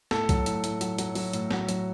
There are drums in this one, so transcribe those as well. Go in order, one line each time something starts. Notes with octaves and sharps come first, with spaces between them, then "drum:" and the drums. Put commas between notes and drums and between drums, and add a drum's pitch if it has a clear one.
A2 A4, drum: snare
F#3, drum: kick B1, hi-hat
A2, drum: hi-hat
A2, drum: hi-hat
F#3, drum: hi-hat
F#3, drum: hi-hat
F#3, drum: open hi-hat
A2, drum: hi-hat
F#3 F#4, drum: snare
F#3, drum: hi-hat